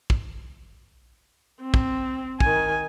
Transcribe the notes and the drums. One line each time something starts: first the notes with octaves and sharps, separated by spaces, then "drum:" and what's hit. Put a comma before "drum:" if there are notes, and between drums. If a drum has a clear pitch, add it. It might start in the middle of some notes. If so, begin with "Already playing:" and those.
drum: kick
C4
drum: kick
D#3 G#5, drum: kick